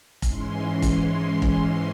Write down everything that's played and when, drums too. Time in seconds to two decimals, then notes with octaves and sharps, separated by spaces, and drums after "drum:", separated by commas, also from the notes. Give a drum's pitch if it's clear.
0.22 G#2 E3 G#3 C#4 C6, drum: kick F1, hi-hat
0.68 C6
0.82 drum: kick F1, hi-hat
1.42 drum: kick F1
1.57 C6